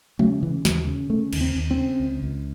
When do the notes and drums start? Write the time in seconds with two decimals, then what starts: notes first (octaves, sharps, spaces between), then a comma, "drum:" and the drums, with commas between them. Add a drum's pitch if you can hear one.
0.19 C#3 F#3, drum: tom G#3
0.43 C#3 E3
0.65 D#2 E3, drum: snare
0.87 C#3
1.10 C#3 A3
1.33 D#2, drum: cymbal
1.41 C4
1.55 D#2
1.71 C4
1.77 C#3
2.00 C#2
2.23 C#2